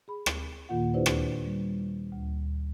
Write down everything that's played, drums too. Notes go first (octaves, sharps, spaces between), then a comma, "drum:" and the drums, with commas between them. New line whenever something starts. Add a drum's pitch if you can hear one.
G#4 B5
drum: rim click
D#2 A#2 D#3 A#3 F4 F#5
D4 E4 G4 B4 C5 D5
drum: rim click
G3
D2